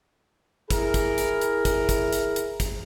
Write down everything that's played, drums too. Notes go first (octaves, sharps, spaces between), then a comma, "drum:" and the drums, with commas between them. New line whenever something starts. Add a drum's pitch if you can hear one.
E4 G#4 A#4, drum: kick, hi-hat
drum: kick, hi-hat
drum: hi-hat
drum: hi-hat
drum: kick, hi-hat
drum: kick, hi-hat
drum: hi-hat
drum: hi-hat
drum: kick, hi-hat